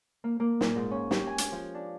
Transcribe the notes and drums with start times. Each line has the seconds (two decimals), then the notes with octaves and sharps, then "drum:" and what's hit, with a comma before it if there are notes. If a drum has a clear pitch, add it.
0.24 A#3
0.40 A#3
0.61 A#2, drum: snare
0.76 G#2
0.91 C#4
1.11 G4, drum: snare
1.27 G#5
1.38 drum: hi-hat
1.52 F3
1.74 D4